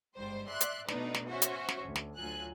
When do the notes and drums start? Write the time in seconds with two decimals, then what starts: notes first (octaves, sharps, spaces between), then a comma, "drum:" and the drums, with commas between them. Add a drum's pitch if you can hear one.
0.16 G1 G#2 G3 C5
0.47 D5 E5 C6 F#6
0.61 drum: hi-hat
0.89 B2 A3 B3 D4 D#4 B4, drum: snare
1.15 drum: snare
1.29 C#4 F#4 C5 E5 C#6
1.42 drum: hi-hat
1.69 drum: snare
1.82 D2
1.96 drum: snare
2.17 D2 F#3 F4 G#5 F#6